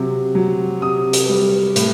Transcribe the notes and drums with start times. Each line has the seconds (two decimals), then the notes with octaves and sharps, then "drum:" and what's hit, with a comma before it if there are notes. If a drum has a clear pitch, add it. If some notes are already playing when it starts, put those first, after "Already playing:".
Already playing: C3 F#3
0.35 F#3
0.82 C3 D#6
1.13 drum: hi-hat
1.29 G3
1.76 A2, drum: hi-hat